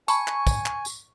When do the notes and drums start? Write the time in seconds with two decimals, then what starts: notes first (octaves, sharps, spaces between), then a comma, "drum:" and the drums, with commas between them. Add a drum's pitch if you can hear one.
0.08 G#5 A5 B5 C#6, drum: tambourine
0.27 drum: clap
0.47 drum: kick, tambourine
0.66 drum: clap
0.85 drum: tambourine